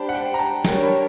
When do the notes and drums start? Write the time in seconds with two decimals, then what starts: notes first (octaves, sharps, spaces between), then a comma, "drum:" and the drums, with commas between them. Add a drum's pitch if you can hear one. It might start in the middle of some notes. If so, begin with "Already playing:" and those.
Already playing: D4 G4 C5 A5 B5
0.09 F#5
0.15 G5
0.34 A#5
0.39 A5
0.65 D4 G4 A#4 C#5 G5, drum: snare
0.83 B5